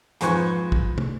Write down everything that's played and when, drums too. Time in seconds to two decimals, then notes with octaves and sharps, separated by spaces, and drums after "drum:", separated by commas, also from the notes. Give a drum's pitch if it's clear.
0.21 F2 G#2 B4 C5 G#5 C#6, drum: hi-hat
0.72 drum: kick
0.98 drum: tom